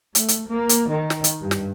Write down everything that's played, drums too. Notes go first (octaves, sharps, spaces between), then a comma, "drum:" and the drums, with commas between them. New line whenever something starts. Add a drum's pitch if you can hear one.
A3, drum: hi-hat
drum: hi-hat
A#3
drum: hi-hat
D#3
drum: snare
drum: hi-hat
G2
drum: snare